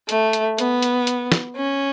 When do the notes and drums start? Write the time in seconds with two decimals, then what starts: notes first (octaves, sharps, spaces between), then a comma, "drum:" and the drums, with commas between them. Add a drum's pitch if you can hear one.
0.09 A3, drum: hi-hat
0.33 drum: hi-hat
0.58 B3, drum: hi-hat
0.82 drum: hi-hat
1.07 drum: hi-hat
1.32 drum: snare
1.56 C#4